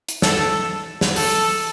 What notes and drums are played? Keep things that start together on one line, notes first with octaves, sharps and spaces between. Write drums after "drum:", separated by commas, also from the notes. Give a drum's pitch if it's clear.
drum: hi-hat
A4, drum: snare
drum: snare
A4, drum: open hi-hat